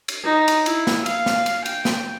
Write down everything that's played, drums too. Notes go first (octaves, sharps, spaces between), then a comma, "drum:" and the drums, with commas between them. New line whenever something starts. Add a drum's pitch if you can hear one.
drum: cymbal
D#4
drum: cymbal
E4, drum: cymbal
drum: snare
F5, drum: cymbal
drum: snare
drum: cymbal
G5, drum: cymbal
drum: snare